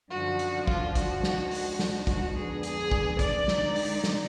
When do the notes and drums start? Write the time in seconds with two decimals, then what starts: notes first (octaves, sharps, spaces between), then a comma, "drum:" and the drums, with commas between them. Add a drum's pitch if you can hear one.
0.11 F#2 D3 F3 F#4
0.39 drum: hi-hat
0.67 F4, drum: kick
0.95 F#4, drum: kick, hi-hat
1.24 D2 D3 F3 G#3 D#4, drum: snare
1.51 F#4, drum: open hi-hat
1.79 drum: snare
2.07 F#4, drum: kick, hi-hat
2.35 F2 D3 G#3 B3 D4 G#4
2.63 G#4, drum: hi-hat
2.91 drum: kick
3.19 D5, drum: kick, hi-hat
3.48 D3 G#3 D#4, drum: snare
3.76 drum: open hi-hat
4.04 drum: snare